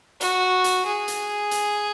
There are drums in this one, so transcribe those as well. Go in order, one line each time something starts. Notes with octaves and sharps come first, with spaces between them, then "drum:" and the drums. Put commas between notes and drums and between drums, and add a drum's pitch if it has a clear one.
F#4, drum: hi-hat
drum: hi-hat
G#4
drum: hi-hat
drum: hi-hat